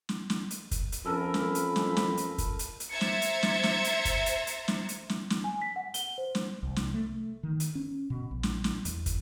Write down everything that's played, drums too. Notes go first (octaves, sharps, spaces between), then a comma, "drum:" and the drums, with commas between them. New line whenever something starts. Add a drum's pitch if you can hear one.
drum: snare
drum: snare
drum: hi-hat
drum: kick, hi-hat
drum: hi-hat
F2 C#4 A4 A#4 B5
drum: snare
drum: hi-hat
drum: snare
drum: snare
drum: hi-hat
drum: kick, hi-hat
drum: hi-hat
drum: hi-hat
C5 E5 A#5 G#6 A6 C#7
drum: snare
drum: hi-hat
drum: snare
drum: snare
drum: hi-hat
drum: kick, hi-hat
drum: hi-hat
drum: hi-hat
drum: snare
drum: hi-hat
drum: snare
drum: snare
G#5
B6
F#5
G7, drum: hi-hat
C5
drum: snare
C2
drum: snare
A3
D#3
drum: hi-hat
C#4
B2
A#1
drum: snare
drum: snare
E2, drum: hi-hat
drum: kick, hi-hat